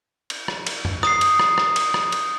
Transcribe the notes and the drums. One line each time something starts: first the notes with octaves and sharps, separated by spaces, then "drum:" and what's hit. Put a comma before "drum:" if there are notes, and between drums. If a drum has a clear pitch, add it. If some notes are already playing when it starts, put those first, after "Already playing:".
drum: cymbal
drum: rim click
drum: cymbal
drum: tom F#2
D#6 C7, drum: rim click
drum: cymbal
drum: rim click
drum: rim click
drum: cymbal
drum: rim click
drum: cymbal